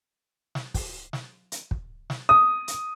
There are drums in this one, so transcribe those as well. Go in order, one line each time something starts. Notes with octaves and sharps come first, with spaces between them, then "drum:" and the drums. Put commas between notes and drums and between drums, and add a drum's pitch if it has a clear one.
drum: snare
drum: kick, open hi-hat
drum: snare
drum: hi-hat
drum: kick
drum: snare
D#6
drum: hi-hat